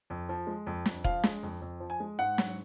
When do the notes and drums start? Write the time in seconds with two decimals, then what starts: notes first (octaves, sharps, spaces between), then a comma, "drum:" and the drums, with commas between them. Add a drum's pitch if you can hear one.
0.10 F2
0.29 F3
0.47 G#3
0.67 F2
0.86 F2, drum: snare
1.04 F3 F5, drum: kick E1
1.24 G#3, drum: snare
1.43 F2
1.61 F2
1.80 F3
1.90 G#5
2.00 G#3
2.19 G#2 F#5
2.38 F#3, drum: snare